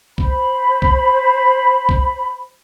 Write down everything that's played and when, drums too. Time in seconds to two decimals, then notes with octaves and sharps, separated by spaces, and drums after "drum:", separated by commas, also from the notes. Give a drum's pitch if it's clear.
0.18 C5 B5, drum: kick
0.82 drum: kick
1.89 drum: kick